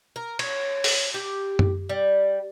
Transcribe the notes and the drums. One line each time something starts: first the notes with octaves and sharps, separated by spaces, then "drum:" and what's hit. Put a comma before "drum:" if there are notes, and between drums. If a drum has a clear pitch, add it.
A#4
C#5, drum: cymbal
drum: open hi-hat
G4
drum: tom F#2
G3